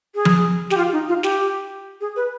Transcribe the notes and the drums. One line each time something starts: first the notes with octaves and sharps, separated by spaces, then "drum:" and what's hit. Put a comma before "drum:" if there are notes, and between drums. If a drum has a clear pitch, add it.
G#4
drum: tom F3
G4, drum: snare
F4
D#4
F4
G4, drum: snare
G#4
B4